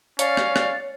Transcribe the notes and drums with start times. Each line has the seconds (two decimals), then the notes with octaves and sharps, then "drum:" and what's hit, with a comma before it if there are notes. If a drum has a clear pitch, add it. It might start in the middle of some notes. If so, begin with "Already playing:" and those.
0.19 C#4 C#5 D5 F5, drum: hi-hat
0.37 drum: rim click
0.56 drum: rim click